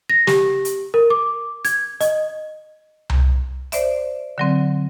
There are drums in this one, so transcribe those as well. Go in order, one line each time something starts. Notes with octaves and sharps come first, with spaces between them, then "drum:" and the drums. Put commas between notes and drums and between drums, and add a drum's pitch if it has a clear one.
A#6
G4, drum: snare
drum: hi-hat
A#4
D6
G#6, drum: hi-hat
D#5, drum: hi-hat
drum: tom C2
C5 D5 E5, drum: hi-hat
D3 F#3 C4